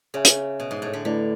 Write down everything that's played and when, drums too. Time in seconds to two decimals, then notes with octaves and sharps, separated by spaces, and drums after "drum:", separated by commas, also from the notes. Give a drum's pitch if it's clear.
0.14 C#3 G#4 C#5 E5 G#5
0.25 drum: hi-hat
0.60 B2
0.71 G#2
0.82 A2
0.93 D3
1.05 D3 A3 E4 B4 D5